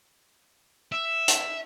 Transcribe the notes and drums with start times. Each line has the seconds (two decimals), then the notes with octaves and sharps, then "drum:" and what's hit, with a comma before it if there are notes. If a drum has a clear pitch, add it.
0.92 E5
1.28 drum: hi-hat